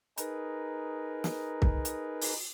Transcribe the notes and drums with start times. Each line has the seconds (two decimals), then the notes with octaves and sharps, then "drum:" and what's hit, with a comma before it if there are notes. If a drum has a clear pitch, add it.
0.17 D#4 G#4 A#4 B4, drum: hi-hat
1.24 drum: snare
1.62 drum: kick
1.85 drum: hi-hat
2.21 drum: open hi-hat